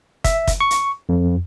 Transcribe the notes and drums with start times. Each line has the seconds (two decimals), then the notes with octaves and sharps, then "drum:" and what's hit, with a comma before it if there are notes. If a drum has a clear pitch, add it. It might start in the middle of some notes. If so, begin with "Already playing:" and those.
0.24 E5, drum: kick, hi-hat
0.47 drum: kick, hi-hat
0.61 C#6
0.71 drum: hi-hat
1.09 F2